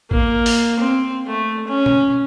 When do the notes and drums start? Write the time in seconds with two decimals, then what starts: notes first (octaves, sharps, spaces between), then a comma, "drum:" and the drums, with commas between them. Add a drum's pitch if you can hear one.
0.11 A#3, drum: kick
0.46 drum: open hi-hat
0.79 C4
1.27 A3
1.67 C#4
1.86 drum: tom B2